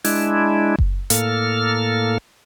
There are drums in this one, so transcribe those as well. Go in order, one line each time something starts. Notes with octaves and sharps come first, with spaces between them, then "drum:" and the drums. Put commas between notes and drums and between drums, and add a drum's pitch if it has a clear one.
G#3 D4 E4, drum: open hi-hat
drum: kick F#1
A2 A#3 A4 F6, drum: hi-hat